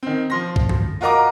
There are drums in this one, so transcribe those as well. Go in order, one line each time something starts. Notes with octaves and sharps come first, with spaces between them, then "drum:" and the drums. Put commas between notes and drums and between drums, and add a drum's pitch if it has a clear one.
D#3 C4
F3 C6 A#6
drum: kick
drum: tom F#2
F4 F#4 A#4 D#5 A#5 D6